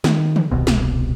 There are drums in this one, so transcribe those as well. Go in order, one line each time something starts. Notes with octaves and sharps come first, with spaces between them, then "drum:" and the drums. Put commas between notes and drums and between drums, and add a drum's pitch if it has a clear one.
D#3, drum: snare
drum: tom
D#1 C2 B2
drum: snare